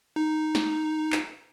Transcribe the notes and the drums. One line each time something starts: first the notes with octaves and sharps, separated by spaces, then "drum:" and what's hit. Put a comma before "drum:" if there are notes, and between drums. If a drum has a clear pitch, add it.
D#4
drum: snare
drum: clap